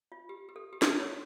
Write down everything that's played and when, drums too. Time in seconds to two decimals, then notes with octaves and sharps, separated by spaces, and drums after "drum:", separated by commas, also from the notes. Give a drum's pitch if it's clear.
0.12 F4
0.29 G4
0.49 G4
0.56 A4
0.73 G4
0.82 A4, drum: snare
0.99 C#5